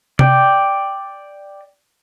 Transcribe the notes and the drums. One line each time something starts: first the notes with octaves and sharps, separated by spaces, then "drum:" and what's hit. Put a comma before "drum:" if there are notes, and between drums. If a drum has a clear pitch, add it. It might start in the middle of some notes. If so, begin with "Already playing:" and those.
D5 G5, drum: tom C3